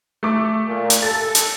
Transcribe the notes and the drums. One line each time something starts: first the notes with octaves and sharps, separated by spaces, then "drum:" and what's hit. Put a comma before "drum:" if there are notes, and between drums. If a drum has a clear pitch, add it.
A3 D6
A#2
drum: hi-hat
A4 A6
drum: hi-hat